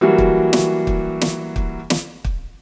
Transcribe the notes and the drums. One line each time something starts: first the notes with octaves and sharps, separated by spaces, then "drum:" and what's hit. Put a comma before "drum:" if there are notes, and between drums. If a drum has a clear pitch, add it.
E3 F#3 G3 A#3 F#4
drum: kick
drum: snare
drum: kick
drum: snare
drum: kick
drum: snare
drum: kick